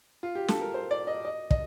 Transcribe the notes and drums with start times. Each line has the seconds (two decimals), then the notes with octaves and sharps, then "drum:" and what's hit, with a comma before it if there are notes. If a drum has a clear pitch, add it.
0.23 F4
0.35 G4
0.48 A4, drum: snare
0.61 A#4
0.74 C5
0.91 D5
1.07 D#5
1.25 D#5
1.51 D#5, drum: kick